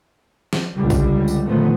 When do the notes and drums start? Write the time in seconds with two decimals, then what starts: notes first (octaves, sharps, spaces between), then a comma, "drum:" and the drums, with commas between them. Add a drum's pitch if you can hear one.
0.53 drum: snare
0.75 C#2 D3 G3
0.90 drum: kick A#1, tambourine
1.28 drum: tambourine
1.47 A#2 D3 D#3 F3 A3 B3